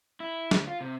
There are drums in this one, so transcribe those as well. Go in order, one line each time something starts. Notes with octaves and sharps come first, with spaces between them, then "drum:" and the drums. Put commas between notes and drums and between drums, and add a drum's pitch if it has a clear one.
E4
D2, drum: snare
F4
C3